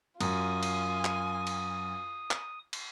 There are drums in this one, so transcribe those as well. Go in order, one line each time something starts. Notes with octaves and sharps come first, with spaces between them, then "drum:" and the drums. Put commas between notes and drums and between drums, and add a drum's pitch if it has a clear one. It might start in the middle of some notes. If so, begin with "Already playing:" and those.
F#2 F4 G#5 D#6, drum: cymbal
drum: cymbal
drum: clap
drum: cymbal
drum: clap
drum: cymbal